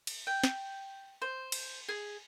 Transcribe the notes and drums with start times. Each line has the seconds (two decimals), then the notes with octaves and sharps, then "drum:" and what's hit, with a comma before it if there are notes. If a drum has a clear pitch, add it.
0.07 drum: cymbal
0.27 G5
0.44 drum: snare
1.22 C5
1.52 drum: cymbal
1.89 G#4